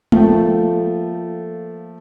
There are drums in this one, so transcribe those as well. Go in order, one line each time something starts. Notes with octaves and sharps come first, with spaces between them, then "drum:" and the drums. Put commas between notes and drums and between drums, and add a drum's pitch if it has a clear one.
F3 A3 A#3 F4 A4 G5, drum: tom G#3